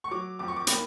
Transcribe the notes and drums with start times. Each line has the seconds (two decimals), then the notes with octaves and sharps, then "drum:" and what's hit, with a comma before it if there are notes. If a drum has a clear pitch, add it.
0.04 C#6
0.11 F#3 D6
0.39 F2 D6
0.48 C#6
0.56 D6
0.67 A#3 B5, drum: hi-hat